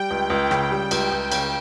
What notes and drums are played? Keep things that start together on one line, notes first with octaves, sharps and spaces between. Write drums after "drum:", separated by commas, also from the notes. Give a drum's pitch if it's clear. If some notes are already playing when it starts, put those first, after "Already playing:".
Already playing: G3 G5
C#2
C#2
C#3, drum: rim click
G3
C#2, drum: cymbal
C#2
C#3, drum: cymbal